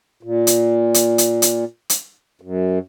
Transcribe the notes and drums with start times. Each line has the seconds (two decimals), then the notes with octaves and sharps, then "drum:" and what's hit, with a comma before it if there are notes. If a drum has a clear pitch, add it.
0.23 A#2
0.47 drum: hi-hat
0.94 drum: hi-hat
1.18 drum: hi-hat
1.42 drum: hi-hat
1.90 drum: hi-hat
2.41 F#2